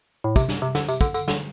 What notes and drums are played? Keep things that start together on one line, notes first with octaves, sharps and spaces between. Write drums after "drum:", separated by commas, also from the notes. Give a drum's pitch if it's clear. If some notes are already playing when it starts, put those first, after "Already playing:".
A2
C3, drum: kick, tambourine
drum: snare
C3
D3, drum: snare
C3, drum: tambourine
D3, drum: kick, tambourine
D3, drum: tambourine
D3, drum: snare